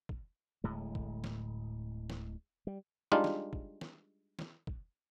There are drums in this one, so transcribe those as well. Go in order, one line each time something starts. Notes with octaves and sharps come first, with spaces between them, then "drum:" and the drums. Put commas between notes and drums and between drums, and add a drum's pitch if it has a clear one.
drum: kick
D1 A2 G#3
drum: kick
drum: snare
drum: snare
G3
G3 G#3 D4 D#4 F4
drum: snare
drum: kick
drum: snare
drum: snare
drum: kick